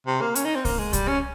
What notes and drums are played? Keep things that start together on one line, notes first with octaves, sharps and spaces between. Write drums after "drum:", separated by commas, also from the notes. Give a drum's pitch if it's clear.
C3
A#3
C#4, drum: hi-hat
D#4
C4
A#3, drum: kick C2, open hi-hat
G#3
G3, drum: kick C2, hi-hat
C#4